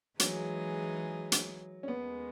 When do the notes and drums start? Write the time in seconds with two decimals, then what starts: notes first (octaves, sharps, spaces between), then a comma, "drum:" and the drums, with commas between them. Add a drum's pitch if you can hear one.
0.20 E3 F#3 G#3 D#4 G#4, drum: hi-hat
1.32 drum: hi-hat
1.83 C#4
1.88 D#2 D#3 G#3 B3